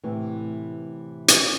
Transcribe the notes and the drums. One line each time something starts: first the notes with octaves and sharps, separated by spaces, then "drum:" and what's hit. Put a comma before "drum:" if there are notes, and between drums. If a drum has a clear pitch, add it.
A2 C3 E3
drum: hi-hat